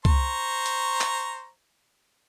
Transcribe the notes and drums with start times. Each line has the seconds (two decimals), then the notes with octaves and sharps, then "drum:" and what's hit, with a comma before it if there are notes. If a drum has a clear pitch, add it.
0.05 C5 A#5 C#6, drum: kick
0.66 drum: hi-hat
1.01 drum: clap